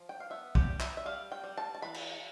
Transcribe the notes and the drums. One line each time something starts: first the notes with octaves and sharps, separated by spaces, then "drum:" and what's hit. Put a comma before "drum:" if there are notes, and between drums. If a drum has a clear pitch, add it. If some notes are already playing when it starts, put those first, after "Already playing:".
Already playing: F3
G5
F5
B3 E5
G4, drum: kick
G3
E5, drum: clap
E5
G3 F5
G5
G3
A5
A5
E3 B5
drum: cymbal